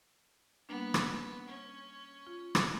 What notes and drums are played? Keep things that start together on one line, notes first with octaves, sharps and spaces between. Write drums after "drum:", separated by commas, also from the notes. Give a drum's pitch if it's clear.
G3 A#3 B3 D4
drum: rim click
C#4
F4
drum: rim click